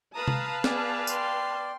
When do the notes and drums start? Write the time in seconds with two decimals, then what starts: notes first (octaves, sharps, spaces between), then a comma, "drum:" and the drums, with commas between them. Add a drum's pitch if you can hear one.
0.15 B4 F5 A5 A#5 D#6
0.28 drum: tom C3
0.64 B3 G#4 D5, drum: snare
1.07 G5 C6, drum: tambourine